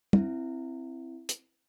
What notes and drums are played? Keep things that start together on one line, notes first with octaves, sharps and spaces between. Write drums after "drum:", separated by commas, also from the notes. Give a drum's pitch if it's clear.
C4 E4, drum: tom
drum: hi-hat